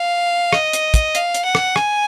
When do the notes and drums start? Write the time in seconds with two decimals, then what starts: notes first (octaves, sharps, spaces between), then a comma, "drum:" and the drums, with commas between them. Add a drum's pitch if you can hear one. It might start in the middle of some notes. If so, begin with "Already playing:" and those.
Already playing: F5
0.53 D#5, drum: rim click
0.73 drum: hi-hat
0.94 drum: kick, hi-hat
1.15 F5, drum: hi-hat
1.34 drum: hi-hat
1.45 F#5
1.55 drum: rim click
1.76 G#5, drum: rim click